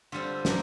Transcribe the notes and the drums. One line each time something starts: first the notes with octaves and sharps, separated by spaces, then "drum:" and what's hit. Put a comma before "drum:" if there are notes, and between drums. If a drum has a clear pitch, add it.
D3 G3 C4 F4
F3 A#3 D4, drum: snare